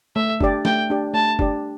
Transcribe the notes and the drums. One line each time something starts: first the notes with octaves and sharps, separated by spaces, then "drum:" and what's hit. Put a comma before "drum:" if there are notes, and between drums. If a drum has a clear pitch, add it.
A3 E5
D4 G4 D5, drum: kick F#1
A3 G5, drum: snare
D4 G4 D5
A3 A5
D4 G4 D5, drum: kick F#1